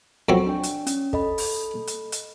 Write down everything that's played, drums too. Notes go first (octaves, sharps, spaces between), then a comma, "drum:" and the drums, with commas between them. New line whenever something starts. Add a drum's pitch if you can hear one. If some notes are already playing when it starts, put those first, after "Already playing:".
F2 F#3 C4 C#6
D4 G5
drum: hi-hat
C#4, drum: hi-hat
A4 D#5 B5, drum: kick
drum: open hi-hat
drum: hi-hat
drum: hi-hat